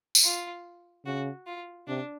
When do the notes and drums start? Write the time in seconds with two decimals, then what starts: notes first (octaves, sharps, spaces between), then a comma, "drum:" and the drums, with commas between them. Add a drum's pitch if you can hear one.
0.15 drum: tambourine
0.24 F4
1.05 C#3 F#4
1.46 F4
1.87 C3 D4